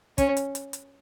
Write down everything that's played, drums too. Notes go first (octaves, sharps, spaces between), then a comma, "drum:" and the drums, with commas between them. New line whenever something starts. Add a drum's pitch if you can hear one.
C#4, drum: kick, hi-hat
drum: hi-hat
drum: hi-hat
drum: hi-hat